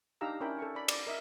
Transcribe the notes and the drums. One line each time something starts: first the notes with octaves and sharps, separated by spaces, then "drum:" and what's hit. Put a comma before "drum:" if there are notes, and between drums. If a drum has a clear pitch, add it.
D4 D#4 G4 F5 A#5 E6
C#4 D4 E4 A#4 G5 B5
A4 C#6
D5 B5
D5 D6, drum: cymbal
A#4 D#5 E5